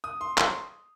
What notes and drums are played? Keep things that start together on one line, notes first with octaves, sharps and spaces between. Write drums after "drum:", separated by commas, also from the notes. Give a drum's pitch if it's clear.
D#6
C6
C6, drum: clap